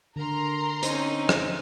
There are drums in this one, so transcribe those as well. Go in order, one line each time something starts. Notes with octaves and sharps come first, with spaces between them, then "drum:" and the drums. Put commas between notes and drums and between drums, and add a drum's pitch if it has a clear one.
D3 A#4 A#5 C6
C4 C#4 D#4 C5, drum: hi-hat
drum: rim click